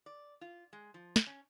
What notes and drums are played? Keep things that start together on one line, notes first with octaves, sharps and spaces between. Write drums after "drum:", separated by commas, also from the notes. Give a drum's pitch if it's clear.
D5
F4
G#3
F3
drum: snare
C#4